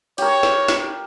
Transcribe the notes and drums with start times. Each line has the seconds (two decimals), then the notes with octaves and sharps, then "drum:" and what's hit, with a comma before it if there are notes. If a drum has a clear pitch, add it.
0.18 G4 A#4 C#5, drum: cymbal
0.43 drum: snare
0.68 drum: snare